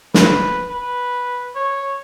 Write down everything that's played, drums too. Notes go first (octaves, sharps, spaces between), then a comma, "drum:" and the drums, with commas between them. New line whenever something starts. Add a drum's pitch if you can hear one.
B4, drum: snare
B4
C#5